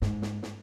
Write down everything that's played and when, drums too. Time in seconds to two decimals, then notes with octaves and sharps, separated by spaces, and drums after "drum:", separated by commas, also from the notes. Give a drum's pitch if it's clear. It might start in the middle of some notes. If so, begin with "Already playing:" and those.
0.02 G#2, drum: snare
0.22 drum: snare
0.43 drum: snare